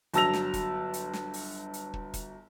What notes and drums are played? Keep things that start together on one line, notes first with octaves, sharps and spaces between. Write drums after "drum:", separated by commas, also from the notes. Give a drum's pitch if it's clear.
G1 F#3 A5 E6 A#6 F7, drum: hi-hat
drum: snare
drum: kick, hi-hat
drum: hi-hat
drum: snare
drum: open hi-hat
drum: hi-hat
drum: kick
drum: kick, hi-hat